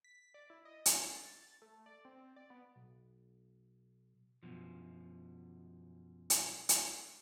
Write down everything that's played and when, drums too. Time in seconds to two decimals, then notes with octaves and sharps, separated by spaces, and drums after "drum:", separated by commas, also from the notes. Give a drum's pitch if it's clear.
0.04 B6
0.34 D5
0.50 E4
0.65 D#5
0.86 drum: hi-hat
0.95 C#4
1.12 A6
1.62 A3
1.86 D5
2.05 C4
2.36 D5
2.50 B3
2.76 B1
4.43 F#2 B2 F3
6.30 drum: hi-hat
6.69 drum: hi-hat